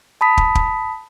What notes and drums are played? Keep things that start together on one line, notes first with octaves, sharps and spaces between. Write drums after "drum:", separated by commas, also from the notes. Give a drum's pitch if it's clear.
A5 B5 D#6 B6
drum: kick
drum: kick